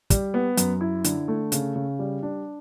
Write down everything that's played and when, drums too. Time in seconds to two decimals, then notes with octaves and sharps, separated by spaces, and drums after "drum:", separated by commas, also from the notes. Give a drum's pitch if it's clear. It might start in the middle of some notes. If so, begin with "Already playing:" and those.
0.10 G3, drum: kick, hi-hat
0.34 B3
0.57 F#2, drum: hi-hat
0.81 E4
1.04 D3, drum: hi-hat
1.28 A3
1.52 C#3, drum: hi-hat
1.76 C#3
1.99 G3
2.23 D4